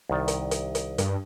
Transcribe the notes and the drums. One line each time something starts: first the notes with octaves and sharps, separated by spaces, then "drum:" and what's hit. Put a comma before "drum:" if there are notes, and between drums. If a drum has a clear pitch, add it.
C2 D#3 D5
drum: hi-hat
drum: hi-hat
drum: hi-hat
G2, drum: hi-hat